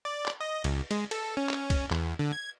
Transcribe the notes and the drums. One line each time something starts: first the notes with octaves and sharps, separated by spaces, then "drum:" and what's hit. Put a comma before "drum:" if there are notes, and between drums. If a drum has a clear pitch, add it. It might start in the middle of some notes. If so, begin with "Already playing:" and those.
D5
drum: clap
D#5
C#2, drum: cymbal
G#3, drum: cymbal
A4, drum: cymbal
C#4
drum: clap
drum: kick C2, cymbal
E2, drum: clap
D3
G#6